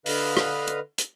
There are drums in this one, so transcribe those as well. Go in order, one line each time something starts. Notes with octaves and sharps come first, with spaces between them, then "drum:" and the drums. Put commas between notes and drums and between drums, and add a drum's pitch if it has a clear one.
D3 B4 D#5 F5, drum: open hi-hat
drum: rim click
drum: hi-hat
drum: hi-hat